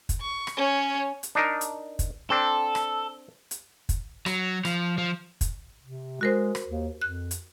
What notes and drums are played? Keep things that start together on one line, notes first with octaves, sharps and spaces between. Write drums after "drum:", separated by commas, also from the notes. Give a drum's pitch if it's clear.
drum: kick, hi-hat
C#6
drum: rim click
C#4 C#5
drum: hi-hat
D4 D#4 A#4
drum: hi-hat
drum: kick, hi-hat
C4 D4 A4
drum: rim click
drum: hi-hat
drum: kick, hi-hat
F#3, drum: rim click
F3, drum: rim click
F3
drum: kick, hi-hat
C3
G#3 F#4 A#4 C5
drum: rim click
D#2
F2 F#6
drum: hi-hat